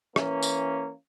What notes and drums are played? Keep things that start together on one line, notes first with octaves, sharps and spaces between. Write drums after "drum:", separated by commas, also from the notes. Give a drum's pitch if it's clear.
E3 A#3 C#4, drum: rim click
drum: tambourine